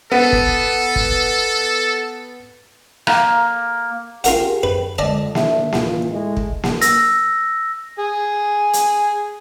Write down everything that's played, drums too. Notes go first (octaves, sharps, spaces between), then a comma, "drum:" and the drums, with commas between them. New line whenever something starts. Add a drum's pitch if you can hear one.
B3 A4
drum: kick
drum: kick
A#3, drum: rim click
F4 G4 G#4 A#4 F#5 G5, drum: hi-hat
F#2 B4
F2 D3 G#3 D5 D#5 A5
A2 D#3 D4 E5, drum: snare A#3
D1 E3 E4 F4, drum: snare A#3
G#3 A3 E4
drum: kick
drum: snare A#3
E6 A#6, drum: hi-hat
G#4 G#5
drum: hi-hat